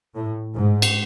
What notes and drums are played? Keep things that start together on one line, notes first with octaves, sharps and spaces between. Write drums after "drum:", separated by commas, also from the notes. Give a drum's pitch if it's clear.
A2
G#2
drum: cymbal